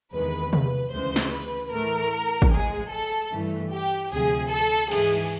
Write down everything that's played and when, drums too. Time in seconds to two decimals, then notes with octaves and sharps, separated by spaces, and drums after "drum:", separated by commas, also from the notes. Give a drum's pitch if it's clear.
0.13 E2 C3 D#3 G#3 B4
0.53 B4, drum: tom C3
0.92 D2 C#3 E3 G#3 C5
1.16 drum: snare
1.32 B4
1.72 A2 E3 A3 A#4
2.42 drum: kick
2.52 A2 F3 G#3 G#4
2.91 A4
3.32 G2 E3 A3
3.71 G4
4.11 D2 C3 F3 G#4
4.51 A4
4.91 G#2 E3 G#3 G#4, drum: cymbal